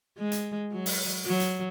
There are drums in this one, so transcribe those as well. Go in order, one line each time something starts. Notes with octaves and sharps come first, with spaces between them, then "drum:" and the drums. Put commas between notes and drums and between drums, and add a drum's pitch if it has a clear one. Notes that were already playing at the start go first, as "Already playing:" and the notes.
G#3
drum: hi-hat
F#3
drum: open hi-hat
F#3
drum: hi-hat